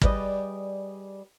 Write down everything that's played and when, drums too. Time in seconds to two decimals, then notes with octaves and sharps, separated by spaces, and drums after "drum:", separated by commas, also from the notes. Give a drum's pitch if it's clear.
0.01 G3 G#4 B4 D5 D#5, drum: kick